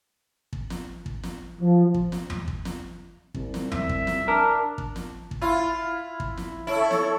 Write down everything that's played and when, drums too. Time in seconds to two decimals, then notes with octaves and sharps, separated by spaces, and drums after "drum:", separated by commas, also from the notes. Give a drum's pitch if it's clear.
0.53 drum: kick
0.70 drum: snare
1.06 drum: kick
1.23 drum: snare
1.61 F3
1.94 drum: kick
2.12 drum: snare
2.30 drum: tom E2
2.48 drum: kick
2.65 drum: snare
3.34 C2, drum: kick
3.54 drum: snare
3.72 E5, drum: tom E2
3.89 drum: kick
4.07 drum: snare
4.28 D4 A#4
4.78 drum: kick
4.96 drum: snare
5.31 drum: kick
5.42 E4 F4
6.20 drum: kick
6.37 drum: snare
6.67 E4 A4 C#5
6.91 drum: snare